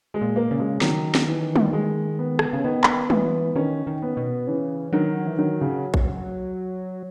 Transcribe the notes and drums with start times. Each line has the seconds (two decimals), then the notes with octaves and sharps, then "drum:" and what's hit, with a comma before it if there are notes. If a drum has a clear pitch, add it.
0.14 G#3
0.21 A#2
0.36 A#3
0.51 C#3
0.59 G#3
0.81 D#3 F#3, drum: snare
1.15 drum: snare
1.27 E3
1.56 drum: tom
1.73 G#3
2.19 B3
2.39 drum: rim click
2.53 C#3
2.64 D#3 B3
2.84 drum: clap
3.10 E3 B3, drum: tom
3.55 D#3 C#4
3.87 D#3
4.02 B3
4.17 B2
4.47 C#3 E3
4.93 D#3 F#3
5.27 E3
5.38 D#3 F#3
5.61 C#3
5.94 drum: kick